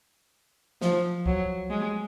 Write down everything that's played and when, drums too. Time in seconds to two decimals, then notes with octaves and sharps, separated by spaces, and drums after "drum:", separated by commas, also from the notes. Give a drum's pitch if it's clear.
0.81 F3, drum: snare
1.26 F#3, drum: kick C2
1.70 G#3